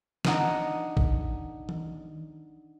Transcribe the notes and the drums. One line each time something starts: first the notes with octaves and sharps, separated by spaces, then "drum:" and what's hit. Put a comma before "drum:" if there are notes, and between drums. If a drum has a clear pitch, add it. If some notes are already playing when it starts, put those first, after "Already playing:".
D4 D#4 F#5 A#5, drum: snare
drum: kick A1
drum: tom D#3